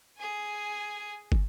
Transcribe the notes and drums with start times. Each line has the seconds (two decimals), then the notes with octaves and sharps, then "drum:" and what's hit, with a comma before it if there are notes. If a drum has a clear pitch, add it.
0.18 G#4 G#5
1.32 drum: kick